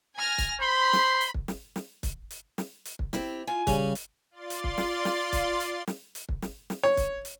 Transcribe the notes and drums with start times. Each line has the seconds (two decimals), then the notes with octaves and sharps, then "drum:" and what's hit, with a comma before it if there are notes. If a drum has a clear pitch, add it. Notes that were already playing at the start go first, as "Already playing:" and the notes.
0.15 G#5 F6 A#6
0.38 drum: kick, hi-hat
0.60 C5 B5 C6
0.93 drum: snare
1.21 drum: hi-hat
1.34 drum: kick
1.48 drum: snare
1.76 drum: snare
2.03 drum: kick, hi-hat
2.31 drum: hi-hat
2.58 drum: snare
2.85 drum: hi-hat
2.99 drum: kick
3.13 C4 E4 G4, drum: snare
3.47 F4 G#5
3.67 C#3 G3 C#4 G#4, drum: kick, hi-hat
3.95 drum: hi-hat
4.31 F4 D5 C6 A6
4.50 drum: hi-hat
4.64 drum: kick
4.78 drum: snare
5.05 drum: snare
5.33 drum: kick, hi-hat
5.60 drum: hi-hat
5.87 drum: snare
6.15 drum: hi-hat
6.29 drum: kick
6.42 drum: snare
6.70 drum: snare
6.84 C#5
6.97 drum: kick, hi-hat
7.25 drum: hi-hat